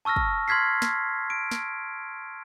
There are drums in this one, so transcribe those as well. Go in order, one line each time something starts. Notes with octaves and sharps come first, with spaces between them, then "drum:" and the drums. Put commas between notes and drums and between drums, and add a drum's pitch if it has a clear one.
A5 C#6 E6 F6 A#6
drum: kick
C6 F6 G#6 B6 C7
drum: snare
D7
drum: snare